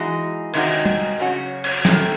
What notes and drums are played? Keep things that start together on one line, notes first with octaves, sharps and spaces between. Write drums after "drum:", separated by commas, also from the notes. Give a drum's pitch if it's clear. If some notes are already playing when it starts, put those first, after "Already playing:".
Already playing: E3 G#3 D#4 F#4
C3 D#3 G#3 D#4 F#4, drum: cymbal
drum: tom G3
C#3 F#3 C#4 F#4
drum: cymbal
C3 D#3 A3, drum: snare